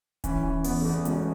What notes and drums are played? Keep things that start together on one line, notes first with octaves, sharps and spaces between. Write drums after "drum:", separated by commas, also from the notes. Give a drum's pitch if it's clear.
E3 C#4, drum: kick D1, hi-hat
E3
E2 B3, drum: open hi-hat
E2 A3
B3
E1 C#4, drum: hi-hat